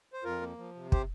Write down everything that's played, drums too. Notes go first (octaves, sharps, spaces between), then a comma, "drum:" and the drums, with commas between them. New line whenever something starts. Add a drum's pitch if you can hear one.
C5
F2 F4 A#4
A#3
F3
C3
G4 C5, drum: kick